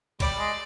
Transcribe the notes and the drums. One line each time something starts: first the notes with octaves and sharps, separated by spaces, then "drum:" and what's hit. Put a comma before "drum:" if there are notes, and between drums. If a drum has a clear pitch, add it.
G3 D5, drum: kick C2, cymbal
G#3